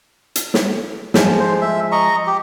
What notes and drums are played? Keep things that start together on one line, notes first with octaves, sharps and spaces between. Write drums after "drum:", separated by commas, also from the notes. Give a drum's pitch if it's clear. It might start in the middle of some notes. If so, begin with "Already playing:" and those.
drum: hi-hat
drum: snare
F3 G#3, drum: snare
C5
E5
D#5 A#5 C#6
G4